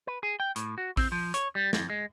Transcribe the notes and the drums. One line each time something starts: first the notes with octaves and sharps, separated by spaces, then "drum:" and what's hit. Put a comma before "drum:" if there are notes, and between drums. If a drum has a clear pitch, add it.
B4
G#4
G5
A2, drum: hi-hat
F#4
C4, drum: kick, open hi-hat
F3
C#5, drum: hi-hat
G3
F2, drum: snare
G#3